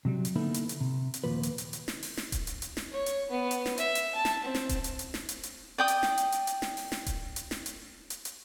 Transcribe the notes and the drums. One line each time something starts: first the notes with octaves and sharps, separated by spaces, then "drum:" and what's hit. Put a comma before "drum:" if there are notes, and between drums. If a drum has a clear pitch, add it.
C3 F#3 G3
drum: hi-hat
D3 A#3 B3 D#4 E4 A4
drum: hi-hat
drum: hi-hat
C3
drum: hi-hat
D#2 A#2 F3 B4
drum: hi-hat
drum: hi-hat
drum: hi-hat
drum: snare
drum: open hi-hat
drum: snare
drum: kick D#1, hi-hat
drum: hi-hat
drum: hi-hat
drum: snare
C#5
drum: hi-hat
B3
drum: hi-hat
drum: snare
E5, drum: hi-hat
drum: hi-hat
A5
drum: snare
C4
drum: snare
drum: kick D#1, hi-hat
drum: hi-hat
drum: hi-hat
drum: snare
drum: hi-hat
drum: hi-hat
D5 G5 D#6
drum: hi-hat
drum: snare
drum: hi-hat
drum: hi-hat
drum: hi-hat
drum: snare
drum: open hi-hat
drum: snare
drum: kick D#1, hi-hat
drum: hi-hat
drum: snare
drum: hi-hat
drum: hi-hat
drum: hi-hat